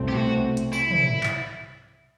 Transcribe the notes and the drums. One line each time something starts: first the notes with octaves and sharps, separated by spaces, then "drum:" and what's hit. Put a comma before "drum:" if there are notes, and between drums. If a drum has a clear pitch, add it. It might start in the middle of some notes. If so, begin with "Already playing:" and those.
Already playing: C2 B2 A3 C4
G4
F#4
drum: hi-hat
E4, drum: tambourine
drum: tom
drum: clap